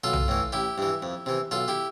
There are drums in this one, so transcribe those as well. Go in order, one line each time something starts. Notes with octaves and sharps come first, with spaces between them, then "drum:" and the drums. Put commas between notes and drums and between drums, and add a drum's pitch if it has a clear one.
B1 F4 A4
drum: tom
A2 E3
A1 E4 G4
G2 E3
F2
C3 E3
B1 F4 A4
E4 G4